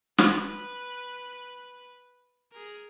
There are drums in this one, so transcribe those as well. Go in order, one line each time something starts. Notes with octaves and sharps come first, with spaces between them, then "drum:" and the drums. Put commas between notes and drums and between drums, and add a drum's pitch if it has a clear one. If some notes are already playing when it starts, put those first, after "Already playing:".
B4, drum: snare
G#4 A#4